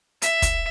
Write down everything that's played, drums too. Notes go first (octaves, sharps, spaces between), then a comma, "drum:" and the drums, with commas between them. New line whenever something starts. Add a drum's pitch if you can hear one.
E5, drum: hi-hat
drum: kick, hi-hat